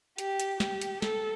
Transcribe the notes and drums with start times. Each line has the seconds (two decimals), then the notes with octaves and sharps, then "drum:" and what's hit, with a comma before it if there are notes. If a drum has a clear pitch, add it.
0.18 G4, drum: hi-hat
0.40 drum: hi-hat
0.60 G4, drum: snare
0.81 drum: hi-hat
1.02 A4, drum: snare